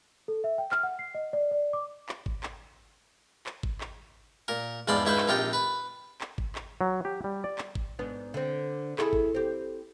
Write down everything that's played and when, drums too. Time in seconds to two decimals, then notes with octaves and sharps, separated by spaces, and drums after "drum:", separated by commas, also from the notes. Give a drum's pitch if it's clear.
0.28 A4
0.44 E5
0.58 G5
0.72 F6, drum: clap
0.83 F#5
0.99 C7
1.15 D#5
1.33 D5
1.51 D5
1.73 D6
2.09 drum: clap
2.26 drum: kick G#1
2.43 drum: clap
3.46 drum: clap
3.63 drum: kick G#1
3.81 drum: clap
4.48 A#2 A#4
4.88 E2 G#2 F3 D5 B5 C6
5.05 C#2 G#2 E4 B4 C5 B5
5.18 drum: clap
5.28 A#1 C3 D#4 F4 G5
5.53 B4 B5
6.21 drum: clap
6.38 drum: kick G#1
6.55 drum: clap
6.81 F#3
7.05 G4
7.24 G3
7.44 D5
7.58 drum: clap
7.75 drum: kick G#1
7.99 G#2 B3 D4
8.34 D3 C4
8.98 E4 G#4 A4, drum: clap
9.13 drum: kick G#1
9.35 C4 G4